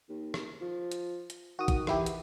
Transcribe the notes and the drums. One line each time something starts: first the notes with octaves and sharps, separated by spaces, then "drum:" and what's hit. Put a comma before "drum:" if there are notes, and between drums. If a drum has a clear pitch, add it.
D#2
drum: rim click
F3
drum: hi-hat
drum: hi-hat
D#3 F#4 D#6
drum: kick, hi-hat
E3 E4 G4, drum: rim click
drum: hi-hat